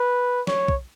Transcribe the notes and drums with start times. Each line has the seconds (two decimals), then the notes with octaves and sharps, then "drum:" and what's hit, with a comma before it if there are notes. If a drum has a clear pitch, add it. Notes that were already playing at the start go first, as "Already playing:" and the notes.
Already playing: B4
0.47 C#5, drum: snare
0.68 drum: kick